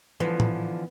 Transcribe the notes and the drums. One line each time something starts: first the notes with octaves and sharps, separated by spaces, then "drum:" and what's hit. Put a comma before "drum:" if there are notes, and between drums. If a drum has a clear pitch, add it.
D3 E3 F3 B3
drum: tom